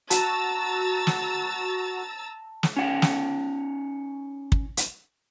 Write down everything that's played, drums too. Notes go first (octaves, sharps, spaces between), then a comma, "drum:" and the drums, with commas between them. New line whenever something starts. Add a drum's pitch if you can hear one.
F#4 A5 A#5 E6 A6, drum: hi-hat
drum: snare
drum: snare
C#4 D#4 F#5
drum: snare
drum: kick
drum: hi-hat